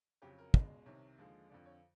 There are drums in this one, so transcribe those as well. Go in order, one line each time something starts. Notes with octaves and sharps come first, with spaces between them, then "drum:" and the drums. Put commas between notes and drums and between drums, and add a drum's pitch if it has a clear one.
F2 C#3 F#3 G4
A#4
C#2 B2 G#3, drum: kick
C2 C3 D#3 C#5
D#2 D3 F3 G#3
F2 D3 F3 D5
C#5